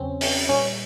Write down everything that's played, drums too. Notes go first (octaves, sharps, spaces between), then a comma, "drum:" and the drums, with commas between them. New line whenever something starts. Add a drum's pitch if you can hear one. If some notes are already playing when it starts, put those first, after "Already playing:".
Already playing: E2 C#3 F#3 C4 C#4
C#4, drum: open hi-hat
A#2 G3 C#4